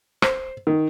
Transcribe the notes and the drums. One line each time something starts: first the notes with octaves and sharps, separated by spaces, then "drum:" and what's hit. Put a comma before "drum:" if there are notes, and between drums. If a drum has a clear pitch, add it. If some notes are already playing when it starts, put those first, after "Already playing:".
C5, drum: rim click
D#3